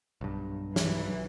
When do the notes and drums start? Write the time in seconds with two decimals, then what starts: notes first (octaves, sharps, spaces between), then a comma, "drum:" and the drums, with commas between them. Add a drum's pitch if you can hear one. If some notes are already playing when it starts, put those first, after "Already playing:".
0.21 B1 G2
0.76 E3 F#3, drum: snare